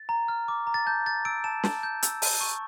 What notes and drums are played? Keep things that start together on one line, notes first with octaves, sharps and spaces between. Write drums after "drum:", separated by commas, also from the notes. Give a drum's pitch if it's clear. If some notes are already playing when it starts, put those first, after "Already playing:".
Already playing: A6
A#5
F6
D6
A#5
A6
A5 G6
G6 A6
E6 D7
A5 E7
A5, drum: snare
G6
E6, drum: hi-hat
A5, drum: open hi-hat
C#6